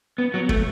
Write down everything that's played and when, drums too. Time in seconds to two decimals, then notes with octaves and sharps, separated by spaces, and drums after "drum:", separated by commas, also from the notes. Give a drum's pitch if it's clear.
0.18 B3
0.34 F#3
0.49 A3, drum: kick